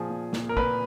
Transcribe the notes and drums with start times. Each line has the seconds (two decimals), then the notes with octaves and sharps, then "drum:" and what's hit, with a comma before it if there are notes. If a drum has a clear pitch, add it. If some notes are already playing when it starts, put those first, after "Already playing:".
Already playing: A#2 F3 G#4
0.10 A#2
0.33 A#2, drum: snare
0.49 A#4
0.57 A#2 B4, drum: kick